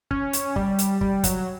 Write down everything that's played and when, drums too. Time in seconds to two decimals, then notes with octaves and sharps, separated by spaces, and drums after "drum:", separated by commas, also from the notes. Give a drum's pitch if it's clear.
0.11 C#4, drum: kick
0.33 drum: hi-hat
0.56 G3, drum: kick
0.79 drum: hi-hat
1.01 G3, drum: kick
1.24 F#3, drum: kick, hi-hat